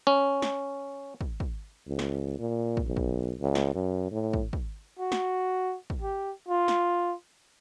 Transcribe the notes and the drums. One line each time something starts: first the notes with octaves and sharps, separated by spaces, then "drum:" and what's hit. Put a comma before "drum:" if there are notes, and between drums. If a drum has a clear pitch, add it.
C#4
drum: snare
drum: kick
drum: kick
C#2
drum: snare
A#2
drum: kick
B1
drum: kick
C#2
drum: snare
F#2
A2
drum: kick
drum: kick
F#4
drum: snare
drum: kick
G4
F4
drum: snare